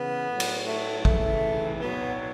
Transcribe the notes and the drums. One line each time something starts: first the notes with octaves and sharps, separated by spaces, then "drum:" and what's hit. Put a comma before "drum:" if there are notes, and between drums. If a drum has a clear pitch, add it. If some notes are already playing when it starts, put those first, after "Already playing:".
Already playing: C#3 E3 B3
A2 F#3
drum: cymbal
A3
C#3 E3 A3, drum: kick
B2 F#3 B3